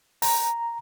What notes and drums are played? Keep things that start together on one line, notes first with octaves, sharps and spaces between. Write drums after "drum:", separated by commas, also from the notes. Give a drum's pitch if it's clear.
A#5, drum: open hi-hat